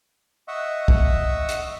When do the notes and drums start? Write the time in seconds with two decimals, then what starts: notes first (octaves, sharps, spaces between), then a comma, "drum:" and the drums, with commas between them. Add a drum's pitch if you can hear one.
0.48 D#5 E5 F#5 C#6
0.88 drum: kick B1
1.49 drum: hi-hat